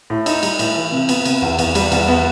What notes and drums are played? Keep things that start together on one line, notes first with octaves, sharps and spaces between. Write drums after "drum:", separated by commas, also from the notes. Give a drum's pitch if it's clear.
A2
D#4, drum: cymbal
G3, drum: cymbal
A2, drum: cymbal
E3
C3
B3, drum: cymbal
C3, drum: cymbal
E2
E2, drum: cymbal
G3, drum: cymbal
E2, drum: cymbal
B3